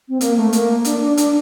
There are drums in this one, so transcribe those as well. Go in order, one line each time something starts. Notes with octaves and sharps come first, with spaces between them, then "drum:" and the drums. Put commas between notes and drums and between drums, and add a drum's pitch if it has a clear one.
C4
A#3, drum: hi-hat
A3
A#3, drum: hi-hat
D4, drum: hi-hat
D4
D4, drum: hi-hat